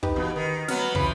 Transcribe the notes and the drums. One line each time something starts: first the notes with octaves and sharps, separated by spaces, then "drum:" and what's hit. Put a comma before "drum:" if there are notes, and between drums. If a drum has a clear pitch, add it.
D#4 G4 B4, drum: kick
E2 B2
D#3
F#3 B3 F6, drum: snare
C#3 E3 F3 B5, drum: kick